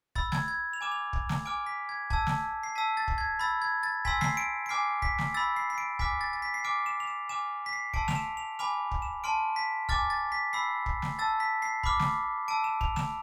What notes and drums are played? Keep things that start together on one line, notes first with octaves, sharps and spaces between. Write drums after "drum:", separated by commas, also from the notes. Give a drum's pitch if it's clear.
B5 E6 A6, drum: kick
G#6, drum: snare
G#6
F7
G#5 D6 F6 E7
F7
drum: kick
drum: snare
G#5 D6 F6 D7
B6
G#6
A5 E6 G#6, drum: kick
drum: snare
C7
A5 E6 B6
A6
drum: kick
G#6
B5 E6 A6
G#6
A6
G#5 C6 E6 B6, drum: kick
C7, drum: snare
D7
D7
G#5 D6 F6 C7
B6, drum: kick
drum: snare
B5 E6 A6
C7
C7
D7
G#5 D6 F6 B6, drum: kick
A6
A6
B6
C7
G#5 D6 F6 D7
E7
F7
E7
G#5 D6 F6 E7
B6
C7
A5 C6 E6 D7, drum: kick
F7, drum: snare
E7
F7
G#5 B5 D6 F6 F7
drum: kick
E7
A5 C6 F6 D7
B6
G#5 D6 F6 A6, drum: kick
A6
B6
B5 E6 C7
drum: kick
drum: snare
A5 E6 A6
B6
C7
B5 D6 F6, drum: kick
drum: snare
A5 E6 D7
E7
F7, drum: kick
E7, drum: snare